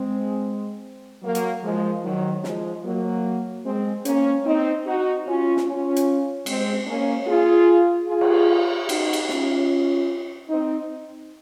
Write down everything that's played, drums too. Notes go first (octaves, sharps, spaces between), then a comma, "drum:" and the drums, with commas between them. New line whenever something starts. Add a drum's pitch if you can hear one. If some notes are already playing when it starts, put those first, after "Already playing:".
Already playing: G#3 C4
F#3 A#3
drum: hi-hat
F3 G#3
D#3 F#3
F3 G#3, drum: snare
F#3 A#3
G#3 C4
A#3 C#4, drum: hi-hat
C4 D#4
D#4 F#4
C#4 F4
drum: snare
C#4 F4
drum: hi-hat
G#3 C4, drum: cymbal
A#3 C#4
F4 G#4
F4 G#4
drum: cymbal
D#4 F#4, drum: cymbal
drum: cymbal
C#4 F4, drum: snare
C4 D#4